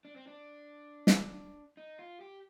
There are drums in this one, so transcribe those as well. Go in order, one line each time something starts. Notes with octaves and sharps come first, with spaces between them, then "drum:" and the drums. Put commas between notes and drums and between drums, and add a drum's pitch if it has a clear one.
D4
C4
D4
drum: snare
D#4
F4
G4